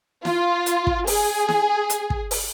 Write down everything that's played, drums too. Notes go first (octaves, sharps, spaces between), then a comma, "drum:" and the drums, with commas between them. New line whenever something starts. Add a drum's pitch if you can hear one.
F4, drum: snare
drum: hi-hat
drum: kick
G#4, drum: open hi-hat
drum: snare
drum: hi-hat
drum: kick
drum: open hi-hat